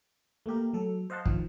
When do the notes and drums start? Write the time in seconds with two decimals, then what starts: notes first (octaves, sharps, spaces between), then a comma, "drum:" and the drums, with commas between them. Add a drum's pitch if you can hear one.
0.46 A3 A#3 G4 A#4
0.73 F#3 A4
1.10 C5 D#5 F5 F#5 A5 C6
1.26 D#3 F3, drum: kick